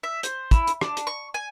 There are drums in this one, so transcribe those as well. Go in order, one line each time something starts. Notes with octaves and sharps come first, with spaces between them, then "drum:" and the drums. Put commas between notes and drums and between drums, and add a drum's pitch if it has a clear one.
E5
C5, drum: hi-hat
E4, drum: kick, hi-hat
drum: hi-hat
D4, drum: rim click
drum: hi-hat
C#6
G#5